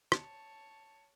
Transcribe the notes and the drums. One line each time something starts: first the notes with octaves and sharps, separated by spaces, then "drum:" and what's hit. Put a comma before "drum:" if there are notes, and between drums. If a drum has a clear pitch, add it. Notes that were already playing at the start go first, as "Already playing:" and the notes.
C#5 A5, drum: rim click